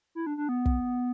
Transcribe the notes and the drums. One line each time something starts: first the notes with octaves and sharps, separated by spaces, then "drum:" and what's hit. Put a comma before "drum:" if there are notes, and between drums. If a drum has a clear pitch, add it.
E4
D4
D4
B3
drum: kick